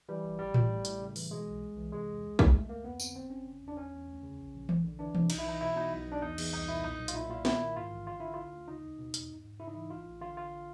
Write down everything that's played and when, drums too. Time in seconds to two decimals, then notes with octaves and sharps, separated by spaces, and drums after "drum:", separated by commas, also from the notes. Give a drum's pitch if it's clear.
0.09 E3 G3
0.24 G1
0.39 A1 G3
0.54 A1, drum: tom A2
0.69 A2
0.85 A2, drum: hi-hat
1.01 C#3
1.16 E3, drum: open hi-hat
1.31 B2 G#3
1.46 B1
1.62 C2
1.77 E3
1.92 C3 G#3
2.08 E2
2.23 C#2
2.39 C#2, drum: kick
2.54 D3 A3
2.69 G2 A#3
2.84 F2 B3
3.00 D3 C4, drum: tambourine
3.15 G1 C4
3.30 G1 C#4
3.46 C#3
3.61 E2
3.68 D4
3.77 E2 C#4
3.92 E2
4.08 D2
4.23 C#3
4.39 A#1
4.54 A#1
4.69 D2, drum: tom E3
4.84 D3
4.99 E3 D4
5.15 C3, drum: tom E3
5.30 B1 D#4, drum: cymbal
5.39 E4
5.45 E3 D#4
5.61 B2 E4
5.76 B2 D#4
5.92 B1
6.07 B1 D4
6.22 E2 D#4
6.38 E2, drum: cymbal
6.52 C2 D#4
6.69 A#2 E4
6.84 B1 D#4
6.99 B1
7.08 F4, drum: hi-hat
7.14 A#2 E4
7.29 A#2 F4
7.45 D#3 E4, drum: snare
7.60 D#3
7.76 G#2 F4
7.91 A1
8.06 D3 F4
8.20 D3 E4
8.34 D2 F4
8.52 D2
8.68 C#3 D#4
8.83 D#2
8.98 B2
9.14 E2, drum: hi-hat
9.29 G#2
9.45 G#2
9.60 C#3 E4
9.67 D#4
9.75 E3 E4
9.90 A1 F4
10.06 A1
10.21 D3 F4
10.36 D3 F4